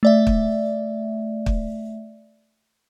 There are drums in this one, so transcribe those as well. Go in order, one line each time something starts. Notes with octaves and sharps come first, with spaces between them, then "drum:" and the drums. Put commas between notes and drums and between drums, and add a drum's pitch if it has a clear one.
A3 D5 E5
drum: kick
drum: kick